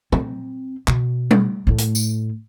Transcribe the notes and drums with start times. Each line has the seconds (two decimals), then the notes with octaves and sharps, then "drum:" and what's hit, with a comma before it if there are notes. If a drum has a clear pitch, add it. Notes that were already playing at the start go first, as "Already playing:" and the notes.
0.12 C4, drum: tom A#2
0.88 B2, drum: clap
1.31 drum: tom G3
1.67 A2 A3
1.78 drum: hi-hat
1.95 drum: tambourine